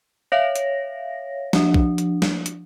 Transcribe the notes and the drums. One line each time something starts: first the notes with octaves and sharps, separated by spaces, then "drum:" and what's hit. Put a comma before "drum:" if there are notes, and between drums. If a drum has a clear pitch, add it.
C#5 E5 F5 A#6
drum: hi-hat
F3 D4, drum: snare
drum: kick
drum: hi-hat
drum: snare
drum: hi-hat